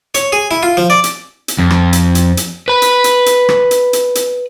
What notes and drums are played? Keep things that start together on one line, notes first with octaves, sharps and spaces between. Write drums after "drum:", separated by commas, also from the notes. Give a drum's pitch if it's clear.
C#5, drum: hi-hat
G#4
E4
F4
F3
D5
drum: hi-hat
drum: hi-hat
F2
drum: rim click
drum: hi-hat
drum: hi-hat
drum: hi-hat
B4 B5
drum: hi-hat
drum: hi-hat
drum: hi-hat
drum: rim click
drum: hi-hat
drum: hi-hat
drum: hi-hat